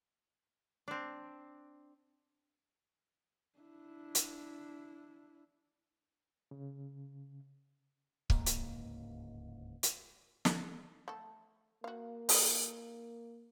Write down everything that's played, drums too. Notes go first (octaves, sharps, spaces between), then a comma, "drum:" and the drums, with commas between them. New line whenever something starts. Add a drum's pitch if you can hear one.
C4 D4
D4 E4
drum: hi-hat
C#3
D1 C#2 G#2 A#3, drum: kick C#1
drum: hi-hat
drum: hi-hat
drum: snare
A3 A4
A#3 F#4 F5
D#4 F4 D#5, drum: open hi-hat